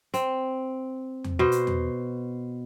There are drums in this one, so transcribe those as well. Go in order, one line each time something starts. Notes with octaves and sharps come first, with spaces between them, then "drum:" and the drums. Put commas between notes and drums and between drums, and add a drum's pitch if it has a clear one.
C4, drum: hi-hat
drum: tom E2
B2 C5
drum: hi-hat
drum: tom E2